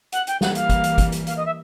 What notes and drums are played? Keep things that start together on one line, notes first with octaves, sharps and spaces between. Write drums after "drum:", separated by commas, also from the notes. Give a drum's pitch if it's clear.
F#5, drum: hi-hat
G5, drum: hi-hat
E3 G3 A#3 F#5, drum: snare
F5, drum: hi-hat
drum: kick, hi-hat
drum: hi-hat
drum: kick, hi-hat
drum: hi-hat
F5, drum: hi-hat
D#5
E5